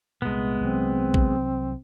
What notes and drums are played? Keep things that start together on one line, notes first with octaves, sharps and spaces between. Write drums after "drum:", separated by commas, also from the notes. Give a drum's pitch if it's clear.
C2 A#2 G#3 B3
C2 E3 F#3 C4
drum: kick A#1